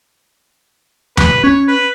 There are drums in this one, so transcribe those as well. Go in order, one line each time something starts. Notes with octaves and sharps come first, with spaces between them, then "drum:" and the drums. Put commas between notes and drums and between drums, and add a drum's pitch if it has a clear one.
B4, drum: tom D#2
C#4 C#5
B4